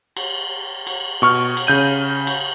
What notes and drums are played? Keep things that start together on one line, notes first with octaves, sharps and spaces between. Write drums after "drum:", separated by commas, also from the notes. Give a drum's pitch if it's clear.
drum: cymbal
drum: cymbal
B2 C#6 F6
drum: cymbal
C#3 G6 D#7
drum: cymbal